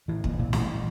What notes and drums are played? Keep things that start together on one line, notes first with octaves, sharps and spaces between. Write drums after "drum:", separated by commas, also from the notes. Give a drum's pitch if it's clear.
A2 E3
A#2, drum: kick
A#2
A1, drum: snare